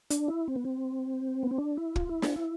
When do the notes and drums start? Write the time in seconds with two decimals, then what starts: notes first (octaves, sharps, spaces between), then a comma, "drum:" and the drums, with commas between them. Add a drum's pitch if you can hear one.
0.10 D4, drum: hi-hat
0.28 E4
0.48 C4
0.56 B3
0.65 C4
1.43 B3
1.51 C4
1.58 D4
1.77 E4
1.96 F4, drum: kick
2.09 E4
2.22 D4, drum: snare
2.36 E4